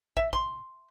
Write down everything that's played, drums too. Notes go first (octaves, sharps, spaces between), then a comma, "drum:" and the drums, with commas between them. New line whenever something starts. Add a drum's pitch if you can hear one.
E5, drum: kick
C6, drum: kick